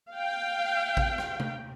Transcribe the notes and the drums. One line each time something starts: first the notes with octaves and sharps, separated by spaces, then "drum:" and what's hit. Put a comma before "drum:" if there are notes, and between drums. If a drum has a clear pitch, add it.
F5 G5
drum: kick A1
drum: rim click
drum: tom C3